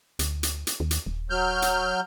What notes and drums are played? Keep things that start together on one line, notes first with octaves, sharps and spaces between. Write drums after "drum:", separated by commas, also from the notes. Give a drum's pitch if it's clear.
D2, drum: hi-hat
drum: hi-hat
drum: hi-hat
D#2
drum: hi-hat
D#1
F#3 F6 G6
drum: hi-hat